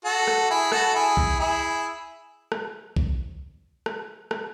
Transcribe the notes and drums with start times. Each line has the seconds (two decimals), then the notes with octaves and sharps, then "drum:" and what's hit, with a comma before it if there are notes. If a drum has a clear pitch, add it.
0.05 F#4 A4
0.28 drum: rim click
0.50 E4 G#4
0.72 F#4 A4, drum: rim click
0.95 E4 G#4
1.17 drum: kick B1
1.39 E4 G#4
2.52 drum: rim click
2.96 drum: kick B1
3.86 drum: rim click
4.31 drum: rim click